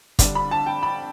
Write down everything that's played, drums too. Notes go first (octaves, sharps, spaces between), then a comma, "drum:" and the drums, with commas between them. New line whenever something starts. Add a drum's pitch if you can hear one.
D3 G3 D4, drum: kick, hi-hat
B5
A5
G5
B5